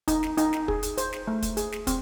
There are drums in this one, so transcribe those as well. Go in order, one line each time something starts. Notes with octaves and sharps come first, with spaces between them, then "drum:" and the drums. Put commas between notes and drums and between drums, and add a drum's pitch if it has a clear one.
D#4, drum: kick, hi-hat
drum: snare
D#4, drum: hi-hat
drum: snare
G#4, drum: kick
drum: hi-hat
C5, drum: hi-hat
drum: snare
A3
drum: kick, hi-hat
G#4, drum: hi-hat
drum: snare
C4, drum: kick, hi-hat